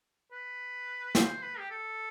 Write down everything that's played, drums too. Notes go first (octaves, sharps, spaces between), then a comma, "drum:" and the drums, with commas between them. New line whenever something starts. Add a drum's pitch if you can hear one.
B4
C5, drum: snare
B4
G4
A4